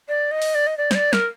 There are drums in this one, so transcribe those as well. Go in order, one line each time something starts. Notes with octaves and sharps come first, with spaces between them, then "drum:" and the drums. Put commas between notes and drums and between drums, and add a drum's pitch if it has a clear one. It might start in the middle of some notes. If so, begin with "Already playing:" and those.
D5
D#5
drum: open hi-hat
D5
D#5
D5
C5, drum: snare
D5
A#4, drum: snare